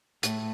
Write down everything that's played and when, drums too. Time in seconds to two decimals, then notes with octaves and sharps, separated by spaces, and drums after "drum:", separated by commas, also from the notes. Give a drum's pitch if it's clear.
0.23 A2, drum: hi-hat